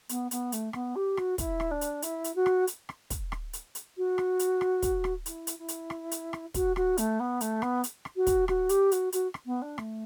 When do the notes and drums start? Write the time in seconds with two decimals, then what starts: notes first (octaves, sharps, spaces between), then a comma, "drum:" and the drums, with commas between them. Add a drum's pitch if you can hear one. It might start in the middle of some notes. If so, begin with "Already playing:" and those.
0.09 B3, drum: hi-hat
0.31 B3, drum: hi-hat
0.52 A3, drum: hi-hat
0.73 B3, drum: rim click
0.95 G4
1.17 F#4, drum: rim click
1.38 E4, drum: kick, hi-hat
1.60 drum: rim click
1.71 D4
1.81 drum: hi-hat
2.02 E4, drum: hi-hat
2.24 drum: hi-hat
2.35 F#4
2.46 drum: rim click
2.67 drum: hi-hat
2.89 drum: rim click
3.10 drum: kick, hi-hat
3.32 drum: rim click
3.53 drum: hi-hat
3.75 drum: hi-hat
3.97 F#4
4.18 drum: rim click
4.39 drum: hi-hat
4.61 drum: rim click
4.82 drum: kick, hi-hat
5.04 drum: rim click
5.26 E4, drum: hi-hat
5.47 drum: hi-hat
5.58 E4
5.68 drum: hi-hat
5.90 drum: rim click
6.11 drum: hi-hat
6.33 drum: rim click
6.54 F#4, drum: kick, hi-hat
6.76 F#4, drum: rim click
6.97 A3, drum: hi-hat
7.19 B3
7.41 A3, drum: hi-hat
7.62 B3, drum: rim click
7.84 drum: hi-hat
8.05 drum: rim click
8.16 F#4
8.27 drum: kick, hi-hat
8.48 F#4, drum: rim click
8.69 G4, drum: hi-hat
8.91 F#4, drum: hi-hat
9.12 F#4, drum: hi-hat
9.34 drum: rim click
9.45 B3
9.61 D4
9.78 A3, drum: rim click